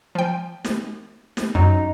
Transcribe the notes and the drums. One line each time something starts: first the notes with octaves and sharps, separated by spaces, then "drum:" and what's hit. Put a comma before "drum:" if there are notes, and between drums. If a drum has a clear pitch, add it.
F3 G5
drum: snare
drum: snare
F#2 D#4